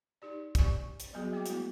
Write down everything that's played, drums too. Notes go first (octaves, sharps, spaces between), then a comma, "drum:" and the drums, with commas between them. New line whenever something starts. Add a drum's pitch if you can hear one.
D#4 G4 D5
G4 D5 G#5 C#6, drum: kick, hi-hat
drum: hi-hat
F#3 G3 B3 F#4 G#4
G3 A#3 F#4 G5 D6
G#3 A3 B3 E4 F#4, drum: hi-hat